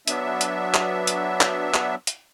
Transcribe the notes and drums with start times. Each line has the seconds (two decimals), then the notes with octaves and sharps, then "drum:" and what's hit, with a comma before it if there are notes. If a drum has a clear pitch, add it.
0.08 F#3 B3 D4 E5, drum: hi-hat
0.41 drum: hi-hat
0.74 drum: clap
1.07 drum: hi-hat
1.41 drum: clap
1.74 drum: clap
2.07 drum: hi-hat